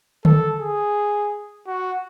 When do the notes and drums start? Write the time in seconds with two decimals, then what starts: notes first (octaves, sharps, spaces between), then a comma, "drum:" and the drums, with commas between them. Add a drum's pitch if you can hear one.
0.25 A4, drum: tom D3
0.60 G#4
1.67 F#4